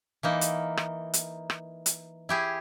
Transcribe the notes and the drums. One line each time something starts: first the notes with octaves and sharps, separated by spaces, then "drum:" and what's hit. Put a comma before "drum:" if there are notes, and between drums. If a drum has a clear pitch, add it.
E3 A#3 D#4
drum: hi-hat
drum: rim click
drum: hi-hat
drum: rim click
drum: hi-hat
E4 G4 G#4